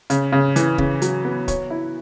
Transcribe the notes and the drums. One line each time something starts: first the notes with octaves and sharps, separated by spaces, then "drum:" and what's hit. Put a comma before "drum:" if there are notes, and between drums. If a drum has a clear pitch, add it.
C#3, drum: hi-hat
C#3
E3, drum: hi-hat
C#3, drum: kick
F#3, drum: hi-hat
B3
C#5, drum: kick, hi-hat
E4